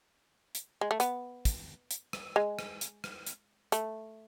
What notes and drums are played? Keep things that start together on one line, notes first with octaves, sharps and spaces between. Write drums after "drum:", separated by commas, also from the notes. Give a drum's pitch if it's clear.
drum: hi-hat
G#3
A3
B3, drum: hi-hat
drum: kick, hi-hat
drum: hi-hat
drum: rim click
G#3
drum: rim click
drum: hi-hat
drum: rim click
drum: hi-hat
A3, drum: hi-hat